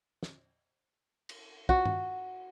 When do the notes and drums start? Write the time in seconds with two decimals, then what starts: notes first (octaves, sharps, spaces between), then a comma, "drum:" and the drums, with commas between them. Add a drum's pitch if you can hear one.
0.23 drum: snare
1.29 drum: cymbal
1.69 F#4, drum: kick
1.86 drum: tom G2